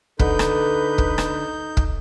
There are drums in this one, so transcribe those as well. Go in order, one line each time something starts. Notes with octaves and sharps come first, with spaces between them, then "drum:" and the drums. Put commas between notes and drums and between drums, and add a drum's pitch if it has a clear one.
D3 D#4 A4 B4 G6, drum: kick
drum: rim click
drum: kick
drum: rim click
drum: kick